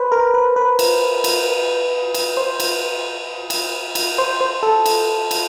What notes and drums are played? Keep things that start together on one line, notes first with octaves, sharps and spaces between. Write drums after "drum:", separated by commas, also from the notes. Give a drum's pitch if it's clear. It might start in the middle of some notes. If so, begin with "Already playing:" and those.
Already playing: B4 C5
A#4
B4
B4
drum: cymbal
drum: cymbal
drum: cymbal
C5
drum: cymbal
drum: cymbal
drum: cymbal
C5
C5
A4
drum: cymbal
drum: cymbal